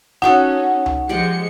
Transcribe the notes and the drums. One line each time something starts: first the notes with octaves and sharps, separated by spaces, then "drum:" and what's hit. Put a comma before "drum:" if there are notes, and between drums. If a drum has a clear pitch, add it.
C#4 D#4 F#4 A4 F#5, drum: snare
drum: tom C2
F3 G#3 G4 D5 D#5 C#7